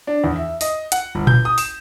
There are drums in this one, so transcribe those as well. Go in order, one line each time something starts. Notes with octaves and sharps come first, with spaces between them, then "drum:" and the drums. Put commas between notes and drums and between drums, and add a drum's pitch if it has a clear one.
D4
E2
E5
D#5, drum: open hi-hat
F#5, drum: hi-hat
G1
G6, drum: tom A#2
D#6
E7, drum: open hi-hat